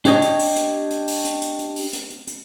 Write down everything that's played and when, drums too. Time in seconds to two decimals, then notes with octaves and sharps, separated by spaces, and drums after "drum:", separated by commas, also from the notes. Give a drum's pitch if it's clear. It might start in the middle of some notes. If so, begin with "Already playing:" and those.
0.05 D4 G4 C#5 D#5, drum: hi-hat
0.22 drum: hi-hat
0.39 drum: open hi-hat
0.56 drum: hi-hat
0.91 drum: hi-hat
1.08 drum: open hi-hat
1.25 drum: hi-hat
1.42 drum: hi-hat
1.59 drum: hi-hat
1.76 drum: open hi-hat
1.93 drum: hi-hat
2.10 drum: hi-hat
2.27 drum: hi-hat